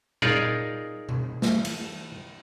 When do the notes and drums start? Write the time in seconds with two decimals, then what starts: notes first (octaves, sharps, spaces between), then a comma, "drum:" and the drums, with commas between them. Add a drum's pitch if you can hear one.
0.22 D#4 F4 G#4 A#4 C#5 D5, drum: tom A#2
1.09 drum: tom B2
1.42 drum: snare
1.65 drum: cymbal